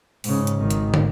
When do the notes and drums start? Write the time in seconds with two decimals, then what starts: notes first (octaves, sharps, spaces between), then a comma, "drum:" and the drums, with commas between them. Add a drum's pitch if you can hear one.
0.24 G#2 C#3, drum: open hi-hat
0.47 drum: hi-hat
0.58 G#1 D#3
0.70 drum: hi-hat
0.94 drum: tom